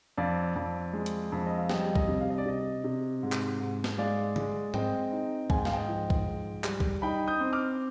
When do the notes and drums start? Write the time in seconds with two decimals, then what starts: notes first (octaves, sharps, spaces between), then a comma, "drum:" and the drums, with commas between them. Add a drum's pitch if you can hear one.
0.17 F2 D5 F5
0.56 F2
0.93 G#3
1.06 drum: hi-hat
1.32 F2
1.46 D#5
1.58 F5
1.70 G3 D#5 G5, drum: snare
1.95 D#5, drum: kick B1
2.08 C3
2.21 F5
2.30 D#5
2.38 D5
2.46 C3 D#5
2.84 C3
3.23 G#2
3.32 drum: clap
3.60 G#2
3.84 drum: snare
3.98 G#3 D5 F5
4.36 G#3, drum: tom C#3
4.74 C4 D#5 G5, drum: tom G#2
5.12 D#4
5.50 G#2 G#5, drum: kick B1
5.58 G5
5.65 F5, drum: snare
5.73 D#5 G5
5.88 F3
6.10 drum: kick B1
6.27 G#2
6.64 G3, drum: clap
6.80 drum: kick B1
7.02 D#4 G5 B5
7.27 D#6 G6
7.40 C4
7.53 D6 F6